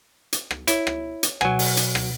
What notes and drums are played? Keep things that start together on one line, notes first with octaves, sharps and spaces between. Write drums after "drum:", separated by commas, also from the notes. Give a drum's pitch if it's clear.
drum: hi-hat
drum: rim click
E4 C#5, drum: hi-hat
drum: rim click
drum: hi-hat
B2 F#3 F#5 G#5, drum: rim click
drum: open hi-hat
drum: hi-hat
drum: rim click